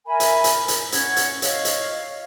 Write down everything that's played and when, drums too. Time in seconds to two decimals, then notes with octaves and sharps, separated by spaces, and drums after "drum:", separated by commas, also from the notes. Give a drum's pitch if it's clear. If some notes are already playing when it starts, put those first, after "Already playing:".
0.07 A#4 E5 G#5 B5
0.20 drum: hi-hat
0.44 drum: hi-hat
0.68 drum: hi-hat
0.92 C#4 F#5 G#6, drum: hi-hat
1.16 drum: hi-hat
1.42 C#5 D#5 F5, drum: hi-hat
1.65 drum: hi-hat